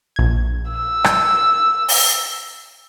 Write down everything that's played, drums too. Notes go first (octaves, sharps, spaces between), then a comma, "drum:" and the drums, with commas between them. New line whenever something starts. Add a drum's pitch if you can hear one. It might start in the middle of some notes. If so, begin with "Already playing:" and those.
A#1 G#6
E6
drum: rim click
drum: open hi-hat